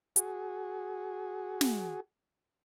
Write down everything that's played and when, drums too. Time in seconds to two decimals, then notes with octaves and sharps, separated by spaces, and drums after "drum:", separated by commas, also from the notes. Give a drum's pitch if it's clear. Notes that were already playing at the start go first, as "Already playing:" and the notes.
0.16 F#4 G#4, drum: hi-hat
1.61 drum: snare